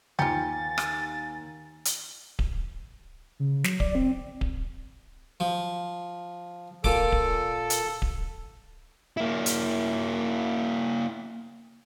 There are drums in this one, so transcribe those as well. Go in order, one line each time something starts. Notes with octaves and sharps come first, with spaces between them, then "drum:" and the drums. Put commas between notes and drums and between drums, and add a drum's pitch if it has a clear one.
D#2 F4 G4 G#5 A#5 A6 C#7
drum: rim click
drum: hi-hat
drum: kick D1
C#3
F#3, drum: snare
D5, drum: kick D1
C4
drum: kick D1
F3
A#2 A4 D6, drum: kick D1
drum: kick D1
drum: hi-hat
drum: kick D1
A#3 E4
drum: hi-hat